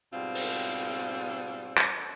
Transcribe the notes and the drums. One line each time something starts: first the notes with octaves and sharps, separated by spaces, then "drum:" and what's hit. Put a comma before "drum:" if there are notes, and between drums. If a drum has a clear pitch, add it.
G#2 B2 G3 C4 F4
drum: open hi-hat
drum: clap